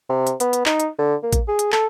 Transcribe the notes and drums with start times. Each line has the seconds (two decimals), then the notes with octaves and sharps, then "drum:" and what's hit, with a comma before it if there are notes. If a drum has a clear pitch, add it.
0.10 C3
0.27 drum: hi-hat
0.40 B3, drum: hi-hat
0.53 drum: hi-hat
0.66 D#4, drum: clap
0.80 drum: hi-hat
0.99 D3
1.23 A#3
1.33 drum: kick A1, hi-hat
1.48 G#4
1.59 drum: hi-hat
1.72 A4, drum: clap